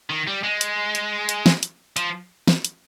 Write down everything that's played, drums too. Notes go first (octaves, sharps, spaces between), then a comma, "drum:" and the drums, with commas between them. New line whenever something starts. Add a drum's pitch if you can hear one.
D#3
G3
G#3
drum: hi-hat
drum: hi-hat
drum: hi-hat
drum: snare
drum: hi-hat
F3, drum: hi-hat
drum: snare
drum: hi-hat